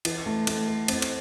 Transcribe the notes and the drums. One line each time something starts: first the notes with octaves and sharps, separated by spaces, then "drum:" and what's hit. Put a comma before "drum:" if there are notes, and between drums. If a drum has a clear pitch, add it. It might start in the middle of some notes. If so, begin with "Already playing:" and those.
E3, drum: cymbal
A3
A3, drum: cymbal
A4
C4, drum: cymbal
drum: cymbal